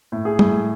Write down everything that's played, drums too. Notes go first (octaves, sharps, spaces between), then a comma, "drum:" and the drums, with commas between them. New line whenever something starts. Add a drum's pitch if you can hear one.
A2
G#4
A2, drum: tom G3